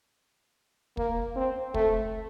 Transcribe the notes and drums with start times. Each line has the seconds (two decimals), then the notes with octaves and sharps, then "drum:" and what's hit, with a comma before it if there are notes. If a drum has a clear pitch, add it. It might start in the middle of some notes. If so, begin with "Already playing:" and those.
0.97 A#3, drum: kick
1.36 C4
1.74 A3, drum: kick